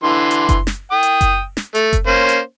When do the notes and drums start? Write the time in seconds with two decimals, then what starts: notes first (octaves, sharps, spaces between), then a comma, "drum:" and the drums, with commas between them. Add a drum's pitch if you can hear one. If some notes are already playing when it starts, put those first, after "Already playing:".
0.03 D3 E3 C6
0.31 drum: hi-hat
0.49 drum: kick F#1, hi-hat
0.67 drum: snare
0.92 G5 D#6
1.03 drum: hi-hat
1.21 drum: kick F#1, hi-hat
1.57 drum: snare
1.75 A3, drum: hi-hat
1.93 drum: kick F#1, hi-hat
2.07 A#3 C#4 C5
2.29 drum: hi-hat